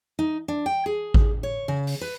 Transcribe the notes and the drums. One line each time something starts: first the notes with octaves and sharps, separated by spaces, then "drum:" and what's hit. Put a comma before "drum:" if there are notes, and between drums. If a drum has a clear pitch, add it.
D#4
D4
G5
G#4
drum: kick G#1
C#5
C#3
drum: open hi-hat
B4